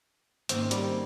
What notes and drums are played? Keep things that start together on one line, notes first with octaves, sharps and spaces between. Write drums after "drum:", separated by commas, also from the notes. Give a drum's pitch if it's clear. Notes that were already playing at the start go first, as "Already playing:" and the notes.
G#2 D#3 A#3 C4 C#4, drum: hi-hat
G3, drum: hi-hat